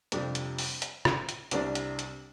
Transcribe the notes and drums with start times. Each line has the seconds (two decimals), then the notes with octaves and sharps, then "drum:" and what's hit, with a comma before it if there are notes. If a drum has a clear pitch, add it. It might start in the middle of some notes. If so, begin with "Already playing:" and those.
0.12 F2 C3 G3 D4 G4, drum: hi-hat
0.35 drum: hi-hat
0.58 drum: open hi-hat
0.82 drum: hi-hat
1.05 drum: rim click
1.29 drum: hi-hat
1.51 C2 C3 G3 D4, drum: hi-hat
1.75 drum: hi-hat
1.99 drum: hi-hat